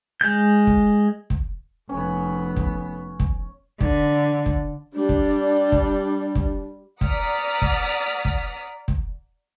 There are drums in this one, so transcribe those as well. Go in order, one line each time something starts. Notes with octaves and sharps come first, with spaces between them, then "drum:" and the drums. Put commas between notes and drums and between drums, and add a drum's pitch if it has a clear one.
G#3 G6
drum: kick
drum: kick
F1 B3 C#4
drum: kick
drum: kick
D3, drum: kick
drum: kick
G3 D4
drum: kick
drum: kick
drum: kick
D5 F#5 A#5 D#6 F6 B6, drum: kick
drum: kick
drum: kick
drum: kick